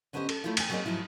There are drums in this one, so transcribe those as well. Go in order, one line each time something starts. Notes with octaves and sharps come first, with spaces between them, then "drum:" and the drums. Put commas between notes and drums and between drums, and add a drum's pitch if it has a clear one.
D3 B3 C#4 G4 C5 D#5
A4, drum: cymbal
F#3 A3 E4 F4 C5 F5
E2 G5 G#5, drum: cymbal
F#3 A#3 C4 G#4 C#5 D#5
G#2 F3 F#3 E4 F#4